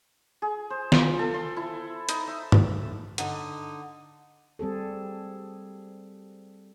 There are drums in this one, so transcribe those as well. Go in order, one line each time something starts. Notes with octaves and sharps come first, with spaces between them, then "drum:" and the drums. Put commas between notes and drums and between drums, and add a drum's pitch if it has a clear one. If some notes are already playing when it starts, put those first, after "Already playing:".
G#4
C5
F4, drum: snare
A4
C6
E4
D#4, drum: hi-hat
E5
drum: tom G2
D3 D#4 D#5, drum: hi-hat
G3 C4 G#4 A4